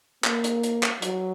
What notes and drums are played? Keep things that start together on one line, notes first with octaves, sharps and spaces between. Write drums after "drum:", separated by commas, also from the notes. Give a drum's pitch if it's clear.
A#3, drum: clap
drum: hi-hat
drum: hi-hat
drum: clap
F#3, drum: hi-hat